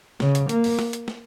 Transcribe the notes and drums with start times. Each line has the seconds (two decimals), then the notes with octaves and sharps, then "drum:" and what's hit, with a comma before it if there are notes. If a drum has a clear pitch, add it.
0.20 C#3, drum: snare
0.35 drum: hi-hat
0.49 A#3, drum: hi-hat
0.64 drum: open hi-hat
0.79 drum: snare
0.93 drum: hi-hat
1.08 drum: snare